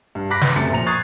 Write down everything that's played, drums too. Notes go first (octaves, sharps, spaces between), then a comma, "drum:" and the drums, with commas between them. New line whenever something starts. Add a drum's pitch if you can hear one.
G2
A#5 B5 D6 F#6 A#6 B6
B4, drum: snare
F#2 C3 A3 A6 C#7
A#2 F3 A#5 F7
C#6 D#6 F#6 G#6 A6 C7